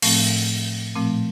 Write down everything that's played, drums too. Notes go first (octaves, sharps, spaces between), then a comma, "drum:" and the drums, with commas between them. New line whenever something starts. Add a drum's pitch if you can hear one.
A2 F3 A3 C4, drum: open hi-hat
A#2 F3 A3 C4